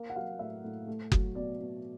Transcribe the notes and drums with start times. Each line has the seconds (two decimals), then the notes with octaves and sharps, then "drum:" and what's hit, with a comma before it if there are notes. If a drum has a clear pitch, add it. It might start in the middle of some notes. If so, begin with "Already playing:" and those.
Already playing: A#3
0.10 F#5
0.16 F#3 F5
0.39 A2 E5
0.64 A2
0.87 A3
1.12 F#3, drum: kick F#1
1.35 B2 D5
1.59 B2